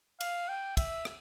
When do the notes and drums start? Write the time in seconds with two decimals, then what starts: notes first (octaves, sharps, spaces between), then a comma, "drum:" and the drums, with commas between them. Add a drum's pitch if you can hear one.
0.21 F5, drum: cymbal
0.49 G5
0.77 E5, drum: kick, cymbal
1.05 drum: rim click